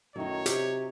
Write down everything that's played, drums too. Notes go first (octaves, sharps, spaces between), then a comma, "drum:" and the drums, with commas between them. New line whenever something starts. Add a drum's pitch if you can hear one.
F#2 A2 D#3 F#3 D#4 C#5
C3 G4, drum: hi-hat